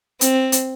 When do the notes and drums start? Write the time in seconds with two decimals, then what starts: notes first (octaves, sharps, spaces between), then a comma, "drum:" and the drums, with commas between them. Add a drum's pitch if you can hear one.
0.21 C4, drum: hi-hat
0.52 drum: hi-hat